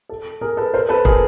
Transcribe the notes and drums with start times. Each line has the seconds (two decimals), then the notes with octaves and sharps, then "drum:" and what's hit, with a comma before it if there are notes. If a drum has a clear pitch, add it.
0.09 A4
0.41 G#4 A#4
0.57 A4 B4
0.74 A#4 C5
0.89 A4 B4
1.05 G#4 A#4, drum: kick